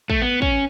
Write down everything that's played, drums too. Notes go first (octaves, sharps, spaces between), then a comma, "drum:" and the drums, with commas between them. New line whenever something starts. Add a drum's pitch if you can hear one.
A3, drum: kick
B3
C#4, drum: kick